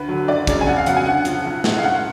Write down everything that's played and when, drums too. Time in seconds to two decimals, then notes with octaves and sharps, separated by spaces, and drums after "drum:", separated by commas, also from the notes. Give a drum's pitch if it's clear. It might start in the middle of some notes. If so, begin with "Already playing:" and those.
Already playing: D2 B4
0.08 D3 F#3
0.28 F#1 D5
0.47 F#2 C#3 G#3, drum: kick, hi-hat
0.61 G#5
0.67 F2 F#5
0.77 F5
0.86 C#3 F#3 B3 F#5, drum: hi-hat
0.96 G#5
1.06 D2 F#5
1.25 C#3 F3, drum: hi-hat
1.45 B1
1.64 A2 G#3, drum: snare
1.78 F5
1.83 F#1 F#5